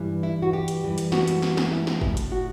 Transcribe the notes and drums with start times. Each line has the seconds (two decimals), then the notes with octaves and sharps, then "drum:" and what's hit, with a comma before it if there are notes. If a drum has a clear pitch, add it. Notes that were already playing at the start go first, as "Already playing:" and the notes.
Already playing: G2 E3 G3
0.23 E4
0.42 F#4
0.53 G4
0.68 drum: hi-hat
0.83 F#2 E3 G3
0.98 drum: hi-hat
1.12 F#4, drum: snare
1.28 drum: hi-hat
1.42 drum: snare
1.57 drum: snare
1.72 E4
1.87 drum: snare
2.01 A2 F#3, drum: kick
2.17 drum: hi-hat
2.32 F#4